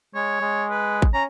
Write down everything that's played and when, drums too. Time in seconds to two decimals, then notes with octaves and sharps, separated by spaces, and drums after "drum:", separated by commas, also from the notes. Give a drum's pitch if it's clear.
0.15 G#3 C#5
0.41 G#3
0.71 B4
1.02 drum: kick G#1
1.14 C#4 A#5